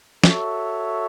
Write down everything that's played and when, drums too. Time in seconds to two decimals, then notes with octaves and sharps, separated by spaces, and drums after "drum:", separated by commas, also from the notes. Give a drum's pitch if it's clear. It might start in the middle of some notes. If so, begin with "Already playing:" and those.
0.24 F#4 A4 C#5 E5, drum: snare